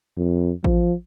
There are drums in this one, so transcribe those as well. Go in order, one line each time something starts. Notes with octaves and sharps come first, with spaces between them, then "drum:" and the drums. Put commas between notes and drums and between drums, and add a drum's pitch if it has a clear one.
F2
F3, drum: kick A1